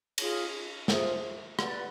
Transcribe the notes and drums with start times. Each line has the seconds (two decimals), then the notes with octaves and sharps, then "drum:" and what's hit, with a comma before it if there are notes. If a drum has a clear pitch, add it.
0.18 F4 G#4 C#5, drum: cymbal
0.88 F4 G#4 C5 E5, drum: snare
1.59 B4 D5 F#5, drum: rim click